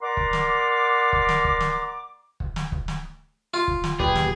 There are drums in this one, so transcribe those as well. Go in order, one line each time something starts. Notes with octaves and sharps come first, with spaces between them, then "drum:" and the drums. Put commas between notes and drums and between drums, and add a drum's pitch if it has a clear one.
A#4 D5 F#5 A#5 C6 D6
drum: kick
drum: snare
drum: kick
drum: snare
drum: kick
drum: snare
drum: kick
drum: snare
drum: kick
drum: snare
F4
drum: kick
drum: snare
D#1 B1 A#3 G4 G#4 B4 D5, drum: kick
drum: snare